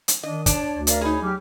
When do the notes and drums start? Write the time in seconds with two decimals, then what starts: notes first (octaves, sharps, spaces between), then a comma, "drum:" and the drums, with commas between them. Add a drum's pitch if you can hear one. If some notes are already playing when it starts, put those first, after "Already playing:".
0.08 drum: hi-hat
0.23 D#3 D4 D#5
0.46 D4 C#5 A5, drum: kick, hi-hat
0.73 D2
0.87 A#4 D5 F5, drum: hi-hat
1.01 D#4 G#4 C#5 B5
1.22 F#3 G4 D6 F6